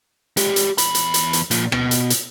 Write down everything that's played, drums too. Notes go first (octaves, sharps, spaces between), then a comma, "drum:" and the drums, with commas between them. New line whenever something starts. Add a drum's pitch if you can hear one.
G#3 G4, drum: hi-hat
drum: hi-hat
E2 B5, drum: hi-hat
drum: hi-hat
drum: hi-hat
drum: hi-hat
A#2 F3, drum: hi-hat
B2, drum: rim click
drum: hi-hat
drum: hi-hat